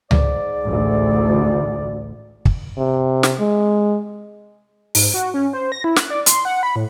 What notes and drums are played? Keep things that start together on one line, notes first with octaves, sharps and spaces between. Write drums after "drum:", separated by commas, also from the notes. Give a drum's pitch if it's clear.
G#2 D5, drum: tom C#2
A1 D2
drum: kick
C3
drum: snare
G#3
G#2, drum: open hi-hat
F#4
C#4
C5
A#6
E4
F#6, drum: snare
D5
C6, drum: hi-hat
F#5
B5
A2